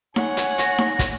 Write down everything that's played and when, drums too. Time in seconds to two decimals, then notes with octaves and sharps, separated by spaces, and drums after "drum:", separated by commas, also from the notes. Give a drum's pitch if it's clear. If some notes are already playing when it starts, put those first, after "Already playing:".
0.16 C#5 F#5 G#5, drum: snare D#4
0.37 drum: hi-hat
0.58 A#6, drum: hi-hat
0.78 drum: snare D#4
0.99 drum: kick, hi-hat